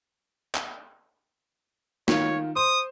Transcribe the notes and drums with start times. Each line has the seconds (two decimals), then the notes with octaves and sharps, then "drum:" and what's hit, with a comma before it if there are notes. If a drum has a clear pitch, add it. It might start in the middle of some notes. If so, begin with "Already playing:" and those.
0.55 drum: clap
2.08 D#3 F4 C#5, drum: snare
2.56 C5 C6 D#6